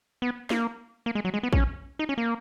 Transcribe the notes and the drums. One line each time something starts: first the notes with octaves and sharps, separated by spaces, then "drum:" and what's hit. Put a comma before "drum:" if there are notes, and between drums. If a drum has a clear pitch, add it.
B3
A#3, drum: snare
A#3
G#3
F#3
G#3
B3
C#4, drum: kick
D#4
C#4
A#3